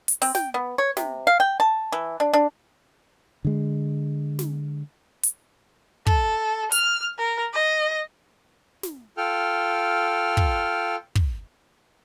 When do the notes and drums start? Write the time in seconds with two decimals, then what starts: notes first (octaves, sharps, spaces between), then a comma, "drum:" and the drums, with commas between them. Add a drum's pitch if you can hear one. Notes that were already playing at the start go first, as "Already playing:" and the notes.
0.08 drum: hi-hat
0.22 C4, drum: open hi-hat
0.35 G5, drum: snare
0.54 B3
0.78 C#5
0.97 C3, drum: snare
1.27 F5
1.40 G5
1.60 A5
1.92 E3
2.20 D4
2.33 D4
3.45 D3 G#3
4.39 drum: snare
5.23 drum: hi-hat
6.07 A4, drum: kick
6.72 F6, drum: hi-hat
7.19 A#4
7.53 D#5
8.83 drum: snare
9.17 F4 A4 G5 F6
10.37 drum: kick
11.15 drum: kick